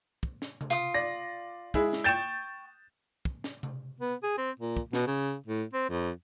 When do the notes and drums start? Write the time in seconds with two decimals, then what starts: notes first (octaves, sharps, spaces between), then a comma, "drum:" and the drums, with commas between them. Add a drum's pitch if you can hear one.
0.23 drum: kick
0.42 drum: snare
0.61 drum: tom C3
0.70 F4 D#6
0.94 D5 A#6
1.74 G#3 E4 G#4, drum: kick
1.93 drum: snare
2.04 G5 C#6 G6 A6 E7
3.25 drum: kick
3.44 drum: snare
3.63 drum: tom C3
4.00 B3
4.23 G#4
4.38 C4
4.59 A#2
4.77 drum: kick
4.93 B2, drum: snare
5.07 C#3
5.46 A2
5.73 C4
5.90 F2